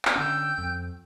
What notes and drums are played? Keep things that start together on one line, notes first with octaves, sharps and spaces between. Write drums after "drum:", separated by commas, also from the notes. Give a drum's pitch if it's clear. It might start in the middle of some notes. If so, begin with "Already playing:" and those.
drum: clap
D3 C#4 G5 E6 G6
F2